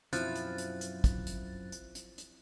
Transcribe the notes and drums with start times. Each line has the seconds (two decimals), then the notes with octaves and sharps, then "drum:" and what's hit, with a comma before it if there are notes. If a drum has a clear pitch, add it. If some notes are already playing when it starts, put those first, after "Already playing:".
0.13 F#2 B2 F3 F#3 C4 E4 F#6 A6, drum: hi-hat
0.35 drum: hi-hat
0.58 drum: hi-hat
0.81 drum: hi-hat
1.04 drum: kick, hi-hat
1.27 drum: hi-hat
1.72 drum: hi-hat
1.95 drum: hi-hat
2.18 drum: hi-hat